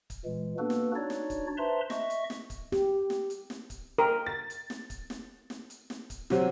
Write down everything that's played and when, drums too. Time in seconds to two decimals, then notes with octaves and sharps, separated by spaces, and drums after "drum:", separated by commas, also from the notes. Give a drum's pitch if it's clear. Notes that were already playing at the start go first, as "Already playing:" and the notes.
0.10 drum: kick, hi-hat
0.25 A#2 E3 G#3
0.59 A#3 B3 D4 F#4 A4 B4
0.70 drum: snare
0.96 D4 D#4 F#4 C#5 D5
1.10 drum: snare
1.30 drum: kick, hi-hat
1.57 B4 C5 E5 A5 A#5 C6
1.90 D#5 E5 C#6, drum: snare
2.10 drum: hi-hat
2.30 drum: snare
2.50 drum: kick, hi-hat
2.72 G4, drum: snare
3.10 drum: snare
3.30 drum: hi-hat
3.50 drum: snare
3.70 drum: kick, hi-hat
3.98 A#4 G5
4.26 A6
4.50 drum: hi-hat
4.70 drum: snare
4.90 drum: kick, hi-hat
5.10 drum: snare
5.50 drum: snare
5.70 drum: hi-hat
5.90 drum: snare
6.10 drum: kick, hi-hat
6.30 C3 F#3 C4, drum: snare